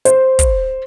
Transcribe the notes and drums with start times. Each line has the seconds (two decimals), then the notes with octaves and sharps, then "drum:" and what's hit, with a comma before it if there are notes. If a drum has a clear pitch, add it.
0.05 C5, drum: hi-hat
0.39 drum: kick, hi-hat